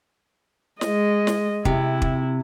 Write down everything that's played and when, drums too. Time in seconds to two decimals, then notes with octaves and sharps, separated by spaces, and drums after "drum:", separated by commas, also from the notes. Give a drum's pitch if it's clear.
0.81 G#3 D#5, drum: snare
1.27 drum: snare
1.65 C3 E4, drum: kick
2.02 drum: kick